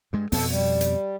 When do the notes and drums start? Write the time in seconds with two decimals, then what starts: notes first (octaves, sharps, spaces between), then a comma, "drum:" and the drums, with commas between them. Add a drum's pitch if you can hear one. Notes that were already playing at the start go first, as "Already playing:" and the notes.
0.13 G2 G#3
0.32 F2 B2 B3 A4, drum: open hi-hat
0.50 G3
0.81 drum: hi-hat